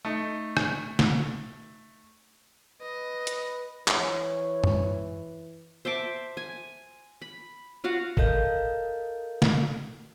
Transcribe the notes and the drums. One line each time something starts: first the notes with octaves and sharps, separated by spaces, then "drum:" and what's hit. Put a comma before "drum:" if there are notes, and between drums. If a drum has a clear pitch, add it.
A3 D#4
drum: rim click
drum: snare
B4 D#5
drum: hi-hat
E3 C#5, drum: clap
drum: tom F#2
C5 E5 A5 D6
G#5
B5
F4 F#4 F5 F#5
A4 A#4 D#5 F5 G6, drum: kick
drum: snare